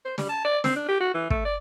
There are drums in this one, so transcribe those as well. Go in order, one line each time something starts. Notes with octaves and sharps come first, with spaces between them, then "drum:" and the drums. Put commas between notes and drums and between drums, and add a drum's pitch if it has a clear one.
C5
G3, drum: snare
A5
D5
C4, drum: snare
D4
G4
F#4
E3
A3, drum: kick
D5